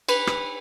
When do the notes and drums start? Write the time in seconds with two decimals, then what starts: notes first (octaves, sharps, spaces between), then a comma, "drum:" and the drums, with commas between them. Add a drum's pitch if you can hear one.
0.09 B4, drum: cymbal
0.27 drum: rim click